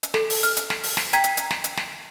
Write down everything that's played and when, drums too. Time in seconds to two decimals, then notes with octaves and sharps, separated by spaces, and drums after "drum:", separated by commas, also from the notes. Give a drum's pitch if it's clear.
0.03 drum: hi-hat
0.14 A4, drum: snare
0.30 drum: open hi-hat
0.43 F6, drum: hi-hat
0.57 drum: hi-hat
0.70 drum: snare
0.83 drum: open hi-hat
0.97 drum: snare
1.13 G5 A#5 G#6 B6, drum: hi-hat
1.24 drum: hi-hat
1.37 drum: hi-hat
1.51 drum: snare
1.64 drum: hi-hat
1.77 drum: snare